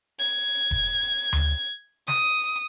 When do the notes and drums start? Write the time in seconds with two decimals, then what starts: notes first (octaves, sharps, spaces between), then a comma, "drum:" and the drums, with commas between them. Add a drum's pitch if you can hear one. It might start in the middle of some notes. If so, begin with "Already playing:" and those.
0.19 G#6
0.71 drum: kick E1
1.33 drum: tom D2
2.08 D#6, drum: snare